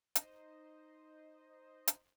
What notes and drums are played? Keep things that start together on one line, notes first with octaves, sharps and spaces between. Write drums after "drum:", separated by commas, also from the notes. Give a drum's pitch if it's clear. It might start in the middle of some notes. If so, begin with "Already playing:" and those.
D#4 C5 D#5, drum: hi-hat
drum: hi-hat